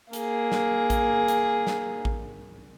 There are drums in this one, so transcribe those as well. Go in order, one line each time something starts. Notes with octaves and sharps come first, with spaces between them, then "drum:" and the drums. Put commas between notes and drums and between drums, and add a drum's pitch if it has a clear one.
A#3 G#4, drum: hi-hat
drum: snare
drum: kick A1, hi-hat
drum: hi-hat
drum: snare
drum: kick A1